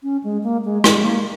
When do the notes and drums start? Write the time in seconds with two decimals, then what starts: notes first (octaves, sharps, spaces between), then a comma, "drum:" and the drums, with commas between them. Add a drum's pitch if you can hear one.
0.03 C#4
0.24 G#3
0.43 A#3
0.65 G#3
0.84 G#3, drum: rim click
0.97 G#3
1.04 A#3